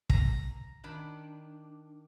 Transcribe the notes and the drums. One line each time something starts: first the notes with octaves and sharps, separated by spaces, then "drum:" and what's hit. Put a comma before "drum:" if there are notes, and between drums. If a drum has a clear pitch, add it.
A#5, drum: kick
D#3 D4 B5